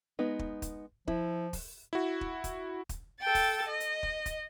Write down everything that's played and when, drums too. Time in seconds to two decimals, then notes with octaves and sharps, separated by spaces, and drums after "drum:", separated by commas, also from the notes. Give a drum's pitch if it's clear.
0.19 G#3 B3 D#4
0.39 drum: kick
0.62 drum: kick, hi-hat
1.08 F3 E4, drum: kick
1.53 drum: kick, open hi-hat
1.93 E4 F#4
2.21 drum: kick
2.44 drum: kick, hi-hat
2.89 drum: kick, hi-hat
3.20 A4 G5 A6
3.35 drum: kick, open hi-hat
3.67 D#5
3.80 drum: hi-hat
4.03 drum: kick
4.26 drum: kick, hi-hat